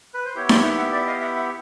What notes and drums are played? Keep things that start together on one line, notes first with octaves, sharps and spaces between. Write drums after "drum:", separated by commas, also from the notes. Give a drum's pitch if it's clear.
B4
C5
B3 E4 G4 C#5
C5 D5, drum: snare D#4
E5 F#5
E5 F#5
D5 E5
D#5 F5
E5 F#5
E5 F#5